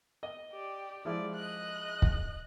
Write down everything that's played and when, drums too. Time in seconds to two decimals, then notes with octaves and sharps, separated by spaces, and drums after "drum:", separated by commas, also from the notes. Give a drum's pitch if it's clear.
0.23 D#5
0.52 G4 D5
1.05 F3 G#3 E4 D5
1.35 D#5 F#6
2.02 drum: kick